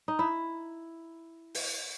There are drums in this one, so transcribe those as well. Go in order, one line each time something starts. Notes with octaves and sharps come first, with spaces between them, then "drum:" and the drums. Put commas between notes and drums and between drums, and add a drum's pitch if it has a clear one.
D#4
E4
drum: open hi-hat